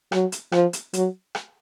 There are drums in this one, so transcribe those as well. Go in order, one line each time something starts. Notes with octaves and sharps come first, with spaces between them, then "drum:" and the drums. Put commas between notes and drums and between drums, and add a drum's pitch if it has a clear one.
F#3, drum: rim click
drum: hi-hat
F3, drum: rim click
drum: hi-hat
F#3, drum: hi-hat
drum: rim click